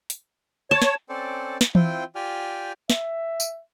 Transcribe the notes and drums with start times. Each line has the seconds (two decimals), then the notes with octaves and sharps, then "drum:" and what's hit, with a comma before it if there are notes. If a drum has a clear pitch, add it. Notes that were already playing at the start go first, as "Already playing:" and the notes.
0.10 drum: hi-hat
0.71 C#5 A5
0.82 drum: snare
1.09 C4 C#4 A4 C5 D5
1.61 drum: snare
1.75 C4 E4 F4 C5 G5, drum: tom E3
2.15 F4 G4 D5 G5 G#5 F6
2.90 E5, drum: snare
3.40 drum: tambourine